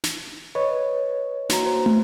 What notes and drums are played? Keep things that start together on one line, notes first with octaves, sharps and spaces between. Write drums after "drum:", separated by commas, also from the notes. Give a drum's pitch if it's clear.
drum: snare
B4 C#5 D#5
A#3 F#4 A#5, drum: snare
C5
drum: tom